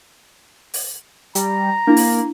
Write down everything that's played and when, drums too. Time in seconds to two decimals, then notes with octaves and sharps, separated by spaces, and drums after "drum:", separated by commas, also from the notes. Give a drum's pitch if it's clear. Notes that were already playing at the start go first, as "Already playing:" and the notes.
0.74 drum: open hi-hat
1.35 G3 A#5, drum: hi-hat
1.87 A#3 D4 E4
1.97 drum: open hi-hat